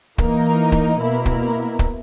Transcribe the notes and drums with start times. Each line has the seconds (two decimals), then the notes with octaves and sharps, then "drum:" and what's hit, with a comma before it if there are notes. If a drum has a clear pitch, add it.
0.18 E3 A#3 D#4 A#4, drum: kick
0.72 drum: kick
0.99 B2 A#3 E4 A#4
1.26 drum: kick
1.79 drum: kick